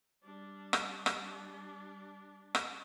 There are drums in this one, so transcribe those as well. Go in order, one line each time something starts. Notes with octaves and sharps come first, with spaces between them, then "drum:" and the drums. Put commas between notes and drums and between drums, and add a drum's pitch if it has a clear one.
G3 D4
drum: rim click
drum: rim click
drum: rim click